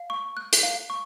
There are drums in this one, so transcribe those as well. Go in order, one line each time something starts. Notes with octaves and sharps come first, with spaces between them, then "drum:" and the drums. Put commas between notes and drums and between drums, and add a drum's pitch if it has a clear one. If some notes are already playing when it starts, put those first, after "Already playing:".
Already playing: F5
C#6
F#6
drum: hi-hat
F5
C#6